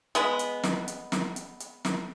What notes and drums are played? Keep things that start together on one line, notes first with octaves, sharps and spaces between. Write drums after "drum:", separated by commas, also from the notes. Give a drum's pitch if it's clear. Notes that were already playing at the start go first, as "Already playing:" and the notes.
G#3 B3, drum: hi-hat
drum: hi-hat
drum: snare
drum: hi-hat
drum: snare
drum: hi-hat
drum: hi-hat
drum: snare